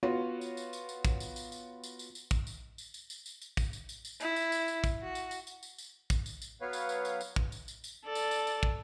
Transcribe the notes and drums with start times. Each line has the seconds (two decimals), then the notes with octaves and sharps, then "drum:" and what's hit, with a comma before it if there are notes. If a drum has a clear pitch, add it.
0.03 B3 F4 F#4 C#5
0.41 drum: tambourine
0.57 drum: tambourine
0.73 drum: tambourine
0.89 drum: tambourine
1.05 drum: kick, tambourine
1.20 drum: tambourine
1.36 drum: tambourine
1.52 drum: tambourine
1.84 drum: tambourine
1.99 drum: tambourine
2.15 drum: tambourine
2.31 drum: kick, tambourine
2.47 drum: tambourine
2.78 drum: tambourine
2.94 drum: tambourine
3.10 drum: tambourine
3.26 drum: tambourine
3.41 drum: tambourine
3.57 drum: kick, tambourine
3.73 drum: tambourine
3.89 drum: tambourine
4.05 drum: tambourine
4.20 E4, drum: tambourine
4.36 drum: tambourine
4.52 drum: tambourine
4.68 drum: tambourine
4.84 drum: kick, tambourine
5.03 F#4
5.15 drum: tambourine
5.31 drum: tambourine
5.47 drum: tambourine
5.63 drum: tambourine
5.78 drum: tambourine
6.10 drum: kick, tambourine
6.26 drum: tambourine
6.42 drum: tambourine
6.61 F#3 B3 B4 C#5 F5
6.73 drum: tambourine
6.89 drum: tambourine
7.05 drum: tambourine
7.21 drum: tambourine
7.36 drum: kick
7.52 drum: tambourine
7.68 drum: tambourine
7.84 drum: tambourine
8.06 A4 D5
8.15 drum: tambourine
8.31 drum: tambourine
8.47 drum: tambourine
8.63 drum: kick